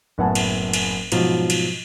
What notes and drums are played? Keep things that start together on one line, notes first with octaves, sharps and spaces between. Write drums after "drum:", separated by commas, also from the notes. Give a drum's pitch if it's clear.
F#1 A2 B3 F#5 G#5 A5
drum: cymbal
drum: cymbal
G#2 B2 F3 F#3, drum: cymbal
drum: cymbal